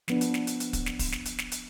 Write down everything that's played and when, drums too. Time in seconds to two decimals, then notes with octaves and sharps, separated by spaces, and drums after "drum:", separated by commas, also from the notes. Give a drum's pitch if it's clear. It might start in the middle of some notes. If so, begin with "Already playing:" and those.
0.08 F3 B3 D4, drum: snare
0.21 drum: hi-hat
0.34 drum: snare
0.47 drum: hi-hat
0.60 drum: hi-hat
0.73 drum: kick, hi-hat
0.86 drum: snare
0.99 drum: kick, open hi-hat
1.12 drum: snare
1.25 drum: hi-hat
1.38 drum: snare
1.52 drum: hi-hat